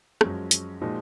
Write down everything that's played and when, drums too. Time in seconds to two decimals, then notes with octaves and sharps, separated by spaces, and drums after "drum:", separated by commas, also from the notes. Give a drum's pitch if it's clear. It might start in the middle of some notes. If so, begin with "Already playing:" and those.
0.21 F#2 F3 G#3 C#4, drum: rim click
0.51 drum: hi-hat
0.81 A#2 F3 G#3 D#4 F#4